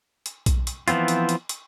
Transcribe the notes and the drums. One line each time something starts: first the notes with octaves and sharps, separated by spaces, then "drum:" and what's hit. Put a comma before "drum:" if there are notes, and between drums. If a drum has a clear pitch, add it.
drum: hi-hat
drum: kick B1, hi-hat
drum: hi-hat
E3 F3 B3 C4 F4, drum: hi-hat
drum: hi-hat
drum: hi-hat
drum: hi-hat